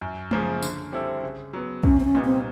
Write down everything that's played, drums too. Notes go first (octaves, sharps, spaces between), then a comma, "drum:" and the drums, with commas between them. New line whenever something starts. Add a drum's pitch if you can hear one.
F#2
C#3 F3 A#3, drum: tom G#3
D3, drum: tambourine
G3 C4 E4 A4
C#3
F#3 B3
C2 C#4, drum: kick
C4
C#4
A#2 G3 B3 D#4
C4